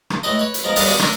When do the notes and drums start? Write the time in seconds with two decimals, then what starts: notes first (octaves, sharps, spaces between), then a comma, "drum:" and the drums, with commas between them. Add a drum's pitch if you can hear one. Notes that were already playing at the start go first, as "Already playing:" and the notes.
0.10 drum: rim click
0.23 A2 G#3 B4 D#5
0.39 B4 C#5
0.54 drum: hi-hat
0.64 F3 G#3 B3 A#4
0.76 D#2 G3 F4 A5 A#5 D#6, drum: open hi-hat
0.87 B3 D4 F#4 G#4
0.99 A3 D4 A#4 C#5 E5, drum: rim click